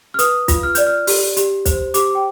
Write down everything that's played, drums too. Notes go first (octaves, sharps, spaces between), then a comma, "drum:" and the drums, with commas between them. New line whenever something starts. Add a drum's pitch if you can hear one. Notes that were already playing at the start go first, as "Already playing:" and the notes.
F6
B4 D#6, drum: hi-hat
F4, drum: kick, hi-hat
F6
D5 G6, drum: hi-hat
F6
G4, drum: open hi-hat
G4, drum: hi-hat
C5, drum: kick, hi-hat
G4 D6, drum: hi-hat
G5